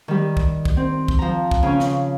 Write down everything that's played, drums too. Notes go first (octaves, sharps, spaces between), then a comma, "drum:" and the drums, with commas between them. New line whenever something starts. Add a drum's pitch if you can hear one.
D#3 G3
drum: kick
drum: kick
C4
drum: kick
F3 A#5
drum: kick
C#3 C#4
drum: snare